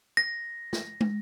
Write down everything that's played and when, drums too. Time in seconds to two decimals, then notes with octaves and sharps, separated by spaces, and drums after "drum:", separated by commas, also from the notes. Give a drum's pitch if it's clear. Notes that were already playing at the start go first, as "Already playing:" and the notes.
0.17 A#6
0.73 drum: snare
1.01 drum: tom